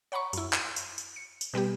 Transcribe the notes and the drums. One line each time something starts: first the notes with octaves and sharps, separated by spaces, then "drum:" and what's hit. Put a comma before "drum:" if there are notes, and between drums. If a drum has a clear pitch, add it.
C#5 F#5 A#5 B5 C#6
F#2 E4, drum: tambourine
C6, drum: clap
drum: tambourine
drum: tambourine
C#7
drum: tambourine
B2 G3 B3 G4